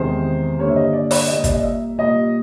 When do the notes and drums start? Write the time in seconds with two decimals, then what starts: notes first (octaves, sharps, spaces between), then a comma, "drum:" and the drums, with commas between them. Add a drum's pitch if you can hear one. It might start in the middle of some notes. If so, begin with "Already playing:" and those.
Already playing: E2 C3 D#3 G#3 C5
0.59 G2 D3 G3 A#3 C#5
0.69 E5
0.76 D#5
0.93 D5
1.11 D5, drum: open hi-hat
1.28 A#2 G3 A#3 D#5
1.44 D5, drum: kick, hi-hat
1.54 D#5
1.63 E5
1.98 A#2 G3 A#3 D#5